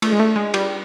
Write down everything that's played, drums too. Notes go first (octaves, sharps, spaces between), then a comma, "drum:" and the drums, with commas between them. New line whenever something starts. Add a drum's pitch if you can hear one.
A3, drum: cymbal
G#3
A3
G#3
G3, drum: cymbal